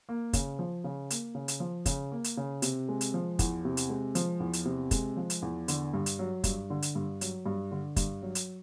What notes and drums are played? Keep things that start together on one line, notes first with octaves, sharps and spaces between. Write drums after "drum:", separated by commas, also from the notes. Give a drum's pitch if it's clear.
A#3
C#3, drum: kick, hi-hat
F3
C#3
A#3, drum: hi-hat
C#3
drum: hi-hat
F3
C#3, drum: kick, hi-hat
A#3
drum: hi-hat
C#3
C3, drum: hi-hat
G#3
drum: hi-hat
F3
E2, drum: kick, hi-hat
C3
drum: hi-hat
G#3
F3, drum: hi-hat
E2
drum: hi-hat
C3
G#3, drum: kick, hi-hat
F3
drum: hi-hat
E2
D3, drum: hi-hat
G2
drum: hi-hat
F#3
G2, drum: kick, hi-hat
D3
drum: hi-hat
G2
F#3, drum: hi-hat
G2
D3
G2, drum: kick, hi-hat
F#3
drum: hi-hat